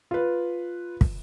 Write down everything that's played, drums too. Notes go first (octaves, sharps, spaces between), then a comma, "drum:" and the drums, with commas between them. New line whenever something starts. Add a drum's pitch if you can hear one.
F4 B4
drum: kick